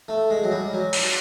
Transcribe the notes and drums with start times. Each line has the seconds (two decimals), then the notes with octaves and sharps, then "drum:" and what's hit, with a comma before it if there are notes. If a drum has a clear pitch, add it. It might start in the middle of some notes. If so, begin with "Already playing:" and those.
0.08 A3
0.30 G#3
0.44 F#3
0.51 G3
0.73 F#3
0.93 drum: open hi-hat